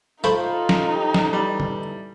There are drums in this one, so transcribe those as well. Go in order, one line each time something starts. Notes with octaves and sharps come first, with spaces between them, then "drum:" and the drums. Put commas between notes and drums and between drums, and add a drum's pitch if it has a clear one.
A3 D#4 F4 A4 C5 B5, drum: hi-hat
drum: snare
G4
drum: snare
E3 G3
drum: tom